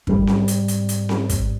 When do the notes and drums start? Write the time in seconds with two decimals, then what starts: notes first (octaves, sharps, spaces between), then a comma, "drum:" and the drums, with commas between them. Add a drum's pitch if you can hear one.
0.07 G#2 G3 C4, drum: kick
0.27 drum: snare C4
0.48 drum: hi-hat
0.68 drum: hi-hat
0.89 drum: hi-hat
1.09 drum: snare C4
1.29 drum: kick, hi-hat